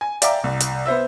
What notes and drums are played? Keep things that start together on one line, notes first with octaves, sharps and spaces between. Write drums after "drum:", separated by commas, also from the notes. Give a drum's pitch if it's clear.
G#5
D5 E5 F5 G5 A#5 D6, drum: hi-hat
C2
drum: hi-hat
B3 C5 E5 E6